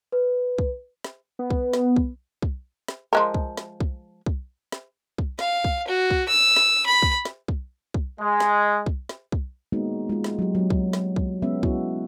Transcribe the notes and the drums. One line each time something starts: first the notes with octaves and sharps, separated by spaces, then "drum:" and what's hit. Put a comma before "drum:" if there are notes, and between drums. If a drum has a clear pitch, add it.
B4
drum: kick
drum: snare
B3
drum: kick
drum: snare
drum: kick
drum: kick
drum: snare
F3 G#3 A#4
drum: kick
drum: snare
drum: kick
drum: kick
drum: snare
drum: kick
F5, drum: snare
drum: kick
F#4
drum: kick
E6
drum: snare
B5
drum: kick
drum: snare
drum: kick
drum: kick
G#3
drum: snare
drum: kick
drum: snare
drum: kick
G#3 A#3 B3 D#4 F#4
G#3 F4
drum: snare
F#3 G4
F#3 B3
drum: kick
drum: snare
drum: kick
G#3 B3 C#4 E5
B3 E4 F#4, drum: kick